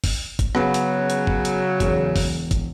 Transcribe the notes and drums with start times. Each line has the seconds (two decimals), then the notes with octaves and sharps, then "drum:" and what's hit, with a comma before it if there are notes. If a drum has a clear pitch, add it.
0.04 drum: kick, open hi-hat
0.39 drum: kick, hi-hat
0.55 C#3 F#3 B3, drum: rim click
0.74 drum: hi-hat
1.10 drum: hi-hat
1.27 drum: kick
1.45 drum: hi-hat
1.80 E1, drum: kick, hi-hat
2.16 drum: kick, open hi-hat
2.51 drum: kick, hi-hat